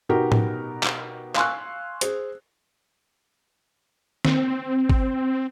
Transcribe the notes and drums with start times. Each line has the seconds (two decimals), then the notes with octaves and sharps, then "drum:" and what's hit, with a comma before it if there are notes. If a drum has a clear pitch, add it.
0.09 B2 B3 D#4 F#4 G4 A#4
0.32 drum: tom A2
0.83 drum: clap
1.36 F5 G#5 C6 C#6 E6 F#6, drum: clap
2.01 G#4 C5, drum: hi-hat
4.25 C4, drum: snare
4.90 drum: kick G#1